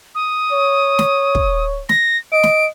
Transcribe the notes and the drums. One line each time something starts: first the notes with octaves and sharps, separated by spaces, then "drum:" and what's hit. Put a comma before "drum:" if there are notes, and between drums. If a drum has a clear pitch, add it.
D#6
C#5
drum: snare
drum: kick
A#6, drum: snare
D#5 D7
drum: snare